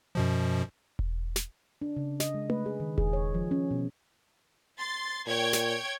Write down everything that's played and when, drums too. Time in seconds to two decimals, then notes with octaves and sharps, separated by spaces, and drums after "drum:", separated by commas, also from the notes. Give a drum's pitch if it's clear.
0.15 F#2 B2 F3
0.99 drum: kick E1
1.36 drum: snare
1.82 D4
1.97 C#3
2.20 D#5, drum: snare
2.34 G#3
2.50 B4, drum: tom A3
2.66 G#4
2.80 D#3
2.98 G#4, drum: kick E1
3.13 C#5
3.34 F3
3.51 C#4
3.71 B2
4.78 C6 A6
5.27 A#2 C#5 G5 G#6
5.53 drum: snare